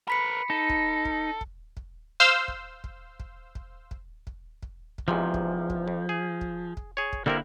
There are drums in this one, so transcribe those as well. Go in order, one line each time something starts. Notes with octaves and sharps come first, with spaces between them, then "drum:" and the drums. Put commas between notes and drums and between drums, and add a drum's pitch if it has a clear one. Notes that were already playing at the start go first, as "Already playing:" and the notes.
A#4 B4 B5 B6 C#7
D#4 A4
drum: kick
drum: kick
drum: kick
drum: kick
C5 F5 E6
drum: kick
drum: kick
drum: kick
drum: kick
drum: kick
drum: kick
drum: kick
drum: kick
E2 G#2 C3 F3
drum: kick
drum: kick
F2
G#4
drum: kick
drum: kick
G#4 C#5
drum: kick
D3 G3 A#3 C4 E4 A#4